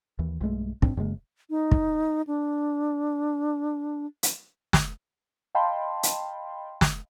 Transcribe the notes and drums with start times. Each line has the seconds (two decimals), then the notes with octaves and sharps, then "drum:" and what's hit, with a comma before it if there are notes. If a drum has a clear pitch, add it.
0.19 D#2 E3
0.41 B1 G2 G#3 A3
0.82 F1 G#2 C4 D4, drum: kick
0.97 F#2 C#3 G#3 A#3
1.50 D#4
1.71 drum: kick
2.27 D4
4.23 drum: hi-hat
4.73 drum: snare
5.55 D#5 F5 G5 A5 B5 C6
6.03 drum: hi-hat
6.81 drum: snare